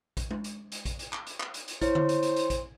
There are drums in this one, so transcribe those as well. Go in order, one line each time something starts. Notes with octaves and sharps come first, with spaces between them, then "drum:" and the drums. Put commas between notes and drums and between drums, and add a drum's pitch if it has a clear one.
drum: kick A#1, hi-hat
drum: tom G#3
drum: hi-hat
drum: hi-hat
drum: kick A#1, hi-hat
drum: hi-hat
drum: clap
drum: hi-hat
drum: clap
drum: hi-hat
drum: hi-hat
E4 C5 C#5, drum: kick A#1, hi-hat
drum: tom D3
drum: hi-hat
drum: hi-hat
drum: hi-hat
drum: kick A#1, hi-hat